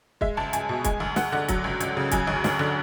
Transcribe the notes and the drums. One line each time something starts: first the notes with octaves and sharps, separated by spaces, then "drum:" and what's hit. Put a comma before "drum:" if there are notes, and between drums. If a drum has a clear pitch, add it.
G#3 E5, drum: kick
C#2 A5
C#2 G#5, drum: hi-hat
B2
G#3 G#5, drum: kick, hi-hat
D2
D2 F#5, drum: snare
D3 F#5
F#3, drum: kick, hi-hat
C#2
C#2, drum: hi-hat
C#3
F#3 G#5, drum: kick, hi-hat
D2
D2, drum: snare
D3